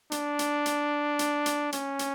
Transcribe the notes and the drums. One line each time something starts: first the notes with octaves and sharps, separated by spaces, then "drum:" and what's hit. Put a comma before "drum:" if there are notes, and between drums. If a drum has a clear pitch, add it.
D4, drum: hi-hat
drum: hi-hat
drum: hi-hat
drum: hi-hat
drum: hi-hat
C#4, drum: hi-hat
drum: hi-hat